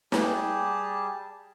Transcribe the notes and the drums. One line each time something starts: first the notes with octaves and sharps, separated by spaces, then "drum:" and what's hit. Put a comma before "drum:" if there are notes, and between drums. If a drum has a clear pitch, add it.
G3 G4 G#4 A5, drum: snare